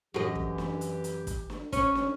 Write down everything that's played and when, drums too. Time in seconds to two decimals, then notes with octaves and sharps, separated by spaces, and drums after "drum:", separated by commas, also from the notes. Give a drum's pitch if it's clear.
0.14 F#2 E3 G4 G#4 D#5
0.35 drum: kick
0.58 drum: snare
0.81 drum: hi-hat
1.04 drum: hi-hat
1.27 drum: kick, hi-hat
1.50 drum: snare
1.73 C#4, drum: kick, hi-hat
1.95 drum: snare